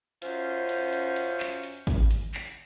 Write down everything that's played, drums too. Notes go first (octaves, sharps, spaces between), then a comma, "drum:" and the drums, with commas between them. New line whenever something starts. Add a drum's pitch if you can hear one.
F#2 C#4 F4 C5, drum: hi-hat
drum: hi-hat
drum: hi-hat
drum: hi-hat
drum: clap
drum: hi-hat
drum: kick, hi-hat
drum: hi-hat
drum: clap